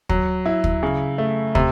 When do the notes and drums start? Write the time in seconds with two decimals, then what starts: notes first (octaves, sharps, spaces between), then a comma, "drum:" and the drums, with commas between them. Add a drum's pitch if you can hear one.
0.09 F#3, drum: kick
0.46 E4
0.64 drum: kick
0.83 C#3
1.18 A3
1.55 C3, drum: kick